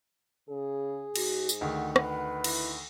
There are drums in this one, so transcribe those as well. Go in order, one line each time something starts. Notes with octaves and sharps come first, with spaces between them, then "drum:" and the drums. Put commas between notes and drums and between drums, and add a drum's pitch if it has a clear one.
C#3 G#4
G#2 F#4, drum: cymbal
drum: tambourine
D2 D#3 F#5
B4, drum: rim click
E4, drum: cymbal